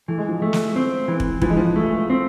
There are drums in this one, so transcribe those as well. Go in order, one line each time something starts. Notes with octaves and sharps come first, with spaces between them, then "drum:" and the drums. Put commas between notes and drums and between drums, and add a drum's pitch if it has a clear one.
E3 A3
G#3
F3
G#3 A3
drum: snare
C4
E3
drum: kick
E3 F3, drum: kick
G#3
F3
A3
C4